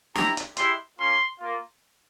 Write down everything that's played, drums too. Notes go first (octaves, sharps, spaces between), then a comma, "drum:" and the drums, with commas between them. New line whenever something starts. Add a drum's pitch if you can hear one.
C4 E4 G4 A#5, drum: snare
drum: hi-hat
G#3 E4 G4 C6, drum: hi-hat
A#3 C#4 F4 C6
A#3 F4